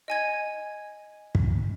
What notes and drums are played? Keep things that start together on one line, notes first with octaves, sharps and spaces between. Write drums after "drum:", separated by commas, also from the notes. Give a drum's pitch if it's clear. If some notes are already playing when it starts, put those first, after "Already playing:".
D#5 G#5 G#6
drum: kick